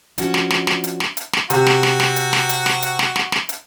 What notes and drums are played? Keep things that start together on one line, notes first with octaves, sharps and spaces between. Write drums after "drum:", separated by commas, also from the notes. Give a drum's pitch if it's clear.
F3 C#4 D4 F#4, drum: hi-hat
drum: snare
drum: snare
drum: snare
drum: hi-hat
drum: snare
drum: hi-hat
drum: snare
C3 F#4, drum: hi-hat
drum: snare
drum: snare
drum: snare
drum: hi-hat
drum: snare
drum: hi-hat
drum: snare
drum: hi-hat
drum: snare
drum: snare
drum: snare
drum: hi-hat